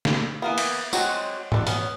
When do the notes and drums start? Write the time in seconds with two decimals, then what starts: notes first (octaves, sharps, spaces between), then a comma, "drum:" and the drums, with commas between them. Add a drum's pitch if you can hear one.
0.05 drum: snare
0.42 E3 A#3 B3
0.58 drum: cymbal
0.93 F#3 G#3 C4 F#4, drum: tambourine
1.52 D4 A4, drum: tom G#2
1.67 B3 C#4, drum: hi-hat